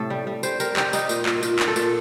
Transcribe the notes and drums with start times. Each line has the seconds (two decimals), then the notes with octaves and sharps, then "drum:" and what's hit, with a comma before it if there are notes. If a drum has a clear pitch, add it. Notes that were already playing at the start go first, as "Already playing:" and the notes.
Already playing: A2 C3 A4
0.10 G3
0.27 G3
0.43 G3 C5, drum: tambourine
0.60 G3 A#4, drum: tambourine
0.77 G3 G4, drum: clap
0.93 G3 D#4, drum: tambourine
1.09 A#2, drum: tambourine
1.26 A#2, drum: clap
1.43 A#2, drum: tambourine
1.59 A#2, drum: clap
1.68 A4
1.76 A#2, drum: tambourine